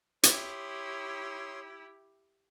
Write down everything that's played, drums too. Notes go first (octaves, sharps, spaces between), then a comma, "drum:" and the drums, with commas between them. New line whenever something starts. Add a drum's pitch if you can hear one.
E4 G4 C#5 C6 D#6, drum: hi-hat